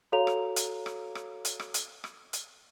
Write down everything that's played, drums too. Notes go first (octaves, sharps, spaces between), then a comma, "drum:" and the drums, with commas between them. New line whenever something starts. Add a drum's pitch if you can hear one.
F#4 A4 C#5 F5 A#5 F7
drum: rim click
drum: hi-hat
drum: rim click
drum: rim click
drum: hi-hat
drum: rim click
drum: hi-hat
drum: rim click
drum: hi-hat